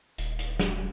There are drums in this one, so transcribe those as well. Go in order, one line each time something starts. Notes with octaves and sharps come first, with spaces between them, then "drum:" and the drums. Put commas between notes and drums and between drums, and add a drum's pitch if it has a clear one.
D#1, drum: hi-hat
drum: hi-hat
drum: snare